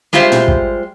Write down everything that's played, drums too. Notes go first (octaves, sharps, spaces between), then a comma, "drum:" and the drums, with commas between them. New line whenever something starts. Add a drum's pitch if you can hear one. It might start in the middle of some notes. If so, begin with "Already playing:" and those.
G3 G#3 F4 G4 C5 E5
drum: tom A2
drum: kick